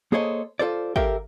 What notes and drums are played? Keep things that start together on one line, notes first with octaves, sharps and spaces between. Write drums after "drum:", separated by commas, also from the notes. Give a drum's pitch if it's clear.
A#3 G#4 A4 C5 C#5 D#5
F4 A4 C5 D5
G4 A4 A#4 E5 F5 G5, drum: kick